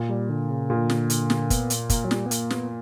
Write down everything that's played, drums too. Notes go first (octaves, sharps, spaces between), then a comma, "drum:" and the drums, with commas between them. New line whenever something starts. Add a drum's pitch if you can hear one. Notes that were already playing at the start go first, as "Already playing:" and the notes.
Already playing: A#2
G3
D3
C#3
A#2 D3
drum: snare
drum: hi-hat
drum: snare
B3, drum: kick, hi-hat
drum: hi-hat
A#3, drum: kick, hi-hat
F#3
G3, drum: snare
B3
A#3, drum: hi-hat
B3, drum: snare